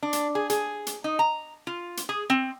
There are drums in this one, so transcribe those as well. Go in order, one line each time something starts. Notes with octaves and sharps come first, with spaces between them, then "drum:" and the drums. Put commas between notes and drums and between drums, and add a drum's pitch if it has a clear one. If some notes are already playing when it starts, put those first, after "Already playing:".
D4
drum: hi-hat
G#4
G#4, drum: hi-hat
drum: hi-hat
D#4
A#5
F4
drum: hi-hat
G#4
C4